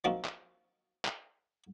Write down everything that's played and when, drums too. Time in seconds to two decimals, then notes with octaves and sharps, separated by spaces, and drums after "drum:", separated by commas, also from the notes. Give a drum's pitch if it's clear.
0.04 F3 A#3 C4 D#4 F4 F#4
0.24 drum: clap
1.05 drum: clap